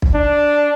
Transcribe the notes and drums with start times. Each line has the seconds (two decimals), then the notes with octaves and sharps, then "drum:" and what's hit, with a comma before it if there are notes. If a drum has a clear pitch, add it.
0.02 drum: kick
0.15 D4